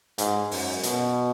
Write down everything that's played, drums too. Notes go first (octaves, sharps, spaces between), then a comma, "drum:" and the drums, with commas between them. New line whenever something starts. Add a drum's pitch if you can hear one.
G#2, drum: hi-hat
F#2, drum: open hi-hat
B2, drum: hi-hat